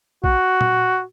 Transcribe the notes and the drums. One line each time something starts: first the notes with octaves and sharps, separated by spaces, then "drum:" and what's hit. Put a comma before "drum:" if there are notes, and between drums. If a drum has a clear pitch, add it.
F#4, drum: kick A#1
drum: tom A#2